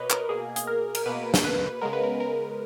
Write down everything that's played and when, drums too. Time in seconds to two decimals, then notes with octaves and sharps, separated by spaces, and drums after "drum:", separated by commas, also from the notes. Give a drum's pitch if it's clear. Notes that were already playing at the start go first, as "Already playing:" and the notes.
Already playing: B2 A#3 B4 C#5 D#5
0.10 A#4, drum: clap
0.29 B2 A#3 G#4
0.56 G#4, drum: hi-hat
0.67 A#4
0.95 A#4, drum: cymbal
1.06 B2 A#3 B4
1.34 drum: snare
1.44 B4
1.81 C#3 G#3 B3 A#4
1.93 B4
2.03 A#4
2.20 A#4